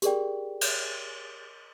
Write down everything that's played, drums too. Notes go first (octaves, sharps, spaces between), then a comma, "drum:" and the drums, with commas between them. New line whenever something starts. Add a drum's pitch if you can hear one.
G4 G#4 A#4 D5 G5, drum: hi-hat
drum: cymbal